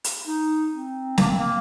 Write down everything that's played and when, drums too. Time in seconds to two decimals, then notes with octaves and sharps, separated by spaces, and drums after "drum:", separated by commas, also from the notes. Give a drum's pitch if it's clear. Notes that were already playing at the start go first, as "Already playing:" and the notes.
0.04 drum: hi-hat
0.27 D#4
0.73 C4
1.18 A#3, drum: snare
1.28 C4
1.39 A#3